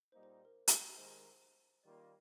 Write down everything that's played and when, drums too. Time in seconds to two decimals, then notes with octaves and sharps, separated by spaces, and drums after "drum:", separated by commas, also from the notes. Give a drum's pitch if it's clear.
0.12 A#2 G3 A#3 D#4 C5
0.23 C5
0.45 A#4
0.68 drum: hi-hat
0.98 D#3 G#3 D#4 G4 A#4 C5
1.83 D#3 G3 A#3 F4 D5